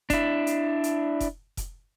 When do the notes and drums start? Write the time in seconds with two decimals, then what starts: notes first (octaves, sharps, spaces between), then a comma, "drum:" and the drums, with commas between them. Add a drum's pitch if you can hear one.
0.10 D4 E4, drum: kick F1, hi-hat
0.47 drum: hi-hat
0.84 drum: hi-hat
1.20 drum: kick F1, hi-hat
1.57 drum: kick F1, hi-hat